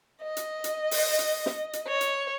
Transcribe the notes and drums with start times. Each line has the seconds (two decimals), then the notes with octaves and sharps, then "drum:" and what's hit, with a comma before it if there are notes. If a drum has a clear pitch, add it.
0.23 D#5
0.37 drum: hi-hat
0.64 drum: hi-hat
0.91 drum: open hi-hat
1.19 drum: hi-hat
1.46 drum: snare
1.73 drum: hi-hat
1.88 C#5
2.01 drum: hi-hat